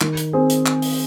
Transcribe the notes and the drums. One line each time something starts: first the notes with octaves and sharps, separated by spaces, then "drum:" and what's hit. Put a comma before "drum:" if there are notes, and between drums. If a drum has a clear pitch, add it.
D#3, drum: clap
drum: hi-hat
C4 G#4 C5
drum: hi-hat
drum: clap
drum: open hi-hat